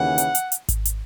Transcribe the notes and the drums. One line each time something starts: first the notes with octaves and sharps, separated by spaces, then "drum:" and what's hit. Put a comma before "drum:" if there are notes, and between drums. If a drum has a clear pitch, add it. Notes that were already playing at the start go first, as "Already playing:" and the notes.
Already playing: D#2 C#3 E3 F#5
drum: hi-hat
drum: hi-hat
drum: hi-hat
drum: kick G#1, hi-hat
drum: hi-hat